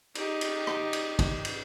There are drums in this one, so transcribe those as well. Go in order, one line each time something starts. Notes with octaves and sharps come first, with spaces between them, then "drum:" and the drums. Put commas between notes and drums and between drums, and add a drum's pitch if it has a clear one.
D#4 G4, drum: cymbal
drum: cymbal
drum: rim click
drum: cymbal
drum: kick, cymbal
drum: cymbal